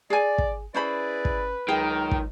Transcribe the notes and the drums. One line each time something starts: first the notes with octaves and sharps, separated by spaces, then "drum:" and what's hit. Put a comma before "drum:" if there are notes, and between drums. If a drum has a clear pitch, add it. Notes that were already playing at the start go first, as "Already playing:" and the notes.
G#4 D5 G#5
drum: kick
C#4 E4 G#4 B4 C5 D5 B5
drum: kick
C#2 D#3 F#3 G#4 G5
drum: kick